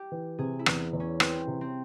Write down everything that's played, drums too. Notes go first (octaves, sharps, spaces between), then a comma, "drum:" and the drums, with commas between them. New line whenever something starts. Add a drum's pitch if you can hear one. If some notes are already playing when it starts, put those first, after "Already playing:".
Already playing: G4
E3
C3 G#4
E4
E2, drum: rim click
E2
C#4
E3 C4, drum: rim click
C3
C4